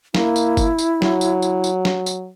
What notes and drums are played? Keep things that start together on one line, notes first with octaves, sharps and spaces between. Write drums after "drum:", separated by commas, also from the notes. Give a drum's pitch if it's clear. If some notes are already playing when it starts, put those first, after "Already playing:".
A#3 E4, drum: snare
drum: tambourine
drum: kick F#1, tambourine
drum: tambourine
F#3, drum: snare
drum: tambourine
drum: tambourine
drum: tambourine
drum: snare
drum: tambourine